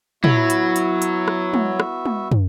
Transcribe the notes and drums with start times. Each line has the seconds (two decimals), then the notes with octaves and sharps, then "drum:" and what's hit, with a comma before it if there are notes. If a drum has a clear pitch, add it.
0.24 F#3 B3 E4 F#4 E5, drum: tom
0.50 drum: hi-hat
0.76 drum: hi-hat
1.02 drum: hi-hat
1.28 drum: rim click
1.54 drum: tom
1.80 drum: rim click
2.06 drum: tom
2.31 drum: tom